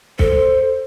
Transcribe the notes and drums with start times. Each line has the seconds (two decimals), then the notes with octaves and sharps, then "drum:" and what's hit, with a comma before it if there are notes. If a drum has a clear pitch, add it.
0.19 A4 C5, drum: kick